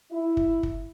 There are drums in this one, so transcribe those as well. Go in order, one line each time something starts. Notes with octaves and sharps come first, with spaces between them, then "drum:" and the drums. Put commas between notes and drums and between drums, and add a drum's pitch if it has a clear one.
E4
drum: kick
drum: kick